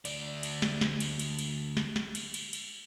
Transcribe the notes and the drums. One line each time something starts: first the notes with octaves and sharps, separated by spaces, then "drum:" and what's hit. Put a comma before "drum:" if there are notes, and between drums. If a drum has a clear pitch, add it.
D2 D5, drum: cymbal
drum: cymbal
drum: snare
drum: snare
drum: cymbal
drum: cymbal
drum: cymbal
drum: snare
drum: snare
drum: cymbal
drum: cymbal
drum: cymbal